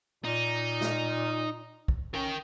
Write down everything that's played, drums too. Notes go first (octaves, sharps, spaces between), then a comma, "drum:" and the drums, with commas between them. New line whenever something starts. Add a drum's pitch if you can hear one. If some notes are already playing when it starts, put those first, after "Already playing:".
A#2 D#4
drum: snare
drum: kick
C#4 A#4 G5